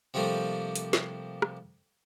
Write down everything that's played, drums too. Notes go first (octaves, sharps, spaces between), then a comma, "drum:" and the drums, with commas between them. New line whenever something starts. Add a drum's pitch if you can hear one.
C3 F3 G3 A3 A#3
drum: hi-hat
drum: snare
drum: rim click